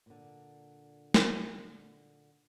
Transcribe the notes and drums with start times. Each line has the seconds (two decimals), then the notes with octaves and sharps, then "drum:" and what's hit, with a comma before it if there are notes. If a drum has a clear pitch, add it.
0.06 A#2 D3
1.14 drum: snare